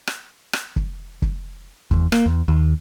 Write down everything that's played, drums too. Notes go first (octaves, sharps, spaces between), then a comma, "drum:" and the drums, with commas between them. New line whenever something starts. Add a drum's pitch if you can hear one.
drum: rim click
drum: rim click
drum: kick
drum: kick
E2, drum: kick
A#3, drum: rim click
E2
D#2